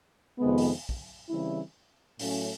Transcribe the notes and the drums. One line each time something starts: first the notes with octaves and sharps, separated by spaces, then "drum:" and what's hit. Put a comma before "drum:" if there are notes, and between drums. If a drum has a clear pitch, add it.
F2 C3 D#3 G#3 B3
drum: open hi-hat
drum: kick
C#3 E3 G3 C4 E4
A2 F#3 A3 C#4, drum: open hi-hat